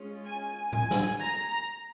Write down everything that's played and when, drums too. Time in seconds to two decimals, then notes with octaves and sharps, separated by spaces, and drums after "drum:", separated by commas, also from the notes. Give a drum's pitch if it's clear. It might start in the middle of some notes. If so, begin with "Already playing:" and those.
Already playing: G#3 C#4 F4
0.26 G#5
0.73 G#5, drum: tom A2
0.91 drum: snare
1.20 A#5